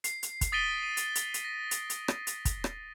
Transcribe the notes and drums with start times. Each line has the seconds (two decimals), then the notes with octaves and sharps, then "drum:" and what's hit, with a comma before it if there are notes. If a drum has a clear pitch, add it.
0.04 C7, drum: hi-hat
0.23 drum: hi-hat
0.41 drum: kick, hi-hat
0.52 D#6 A6 B6 D7 D#7 G7
0.83 D#7
0.97 drum: hi-hat
1.15 drum: hi-hat
1.34 drum: hi-hat
1.45 A#6
1.71 drum: hi-hat
1.90 drum: hi-hat
2.08 drum: rim click
2.27 drum: hi-hat
2.45 drum: kick, hi-hat
2.64 drum: rim click